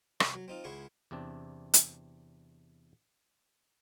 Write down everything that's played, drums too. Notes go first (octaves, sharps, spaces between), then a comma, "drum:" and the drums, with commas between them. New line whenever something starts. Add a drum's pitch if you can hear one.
C2, drum: rim click
F#3
C4 D#4 F4
C#2 E4 G#4 F#5 C6 C#6
E2 C3 C4 D4
drum: hi-hat